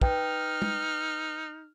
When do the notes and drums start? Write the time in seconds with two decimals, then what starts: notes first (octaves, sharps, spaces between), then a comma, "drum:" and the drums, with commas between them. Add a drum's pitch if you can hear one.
0.01 D#4 B4 G5 F6, drum: kick
0.62 drum: tom